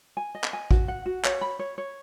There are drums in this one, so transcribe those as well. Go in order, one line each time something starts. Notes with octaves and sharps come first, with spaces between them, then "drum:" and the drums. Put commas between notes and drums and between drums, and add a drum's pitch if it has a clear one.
G#5
D#5
drum: clap
G#5
F#4, drum: kick A1
F#5
F#4
C#5, drum: clap
B5
C#5
C#5